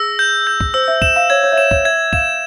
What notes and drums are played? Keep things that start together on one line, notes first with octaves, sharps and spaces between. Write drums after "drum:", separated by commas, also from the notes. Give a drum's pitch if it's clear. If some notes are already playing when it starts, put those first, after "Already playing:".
Already playing: G#4 E6 A#6
G6
G6
drum: kick
C5 E6
E5
E7, drum: kick
F5
C#5 G#6
C#5
E5
C#5 E7
C#5, drum: kick
E5 G#6
F5 E7, drum: kick